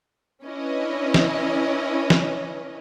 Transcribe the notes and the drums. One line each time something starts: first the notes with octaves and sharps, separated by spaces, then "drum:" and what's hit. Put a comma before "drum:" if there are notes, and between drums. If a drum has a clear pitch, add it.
C#4 D4 E4 B4 C#5 D#5
drum: snare
drum: snare